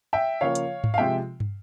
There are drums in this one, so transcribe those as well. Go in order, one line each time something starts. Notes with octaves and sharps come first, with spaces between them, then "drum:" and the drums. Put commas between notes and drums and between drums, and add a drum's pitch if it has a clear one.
E5 G5
C#3 F3 A#3 C#5 F5
drum: hi-hat
drum: tom G#2
F5
C3 F3 G#3 E5 G5
drum: tom